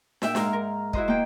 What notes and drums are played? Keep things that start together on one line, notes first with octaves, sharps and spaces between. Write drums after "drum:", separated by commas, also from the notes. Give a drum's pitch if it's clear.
A#2 E5 G5, drum: snare
G#2 A#4 F5, drum: snare
A#4
E4 F#4 C5 D#5, drum: kick
A#3 G5